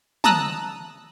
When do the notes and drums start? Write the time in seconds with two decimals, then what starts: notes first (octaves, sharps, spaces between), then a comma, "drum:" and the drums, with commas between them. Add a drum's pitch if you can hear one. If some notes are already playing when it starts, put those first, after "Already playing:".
0.24 A5 A#5 D#6 E6 F#6, drum: tom